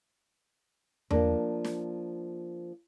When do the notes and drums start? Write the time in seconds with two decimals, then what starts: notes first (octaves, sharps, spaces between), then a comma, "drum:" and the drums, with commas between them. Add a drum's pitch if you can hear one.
1.11 F3 A#3 D4, drum: tom E2
1.65 drum: snare